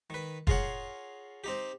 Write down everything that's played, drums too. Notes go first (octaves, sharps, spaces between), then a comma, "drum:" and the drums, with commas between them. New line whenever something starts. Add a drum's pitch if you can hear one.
D#3 B4
F4 G#4 A#4 C#5 F#5, drum: kick
C4 D#4 G4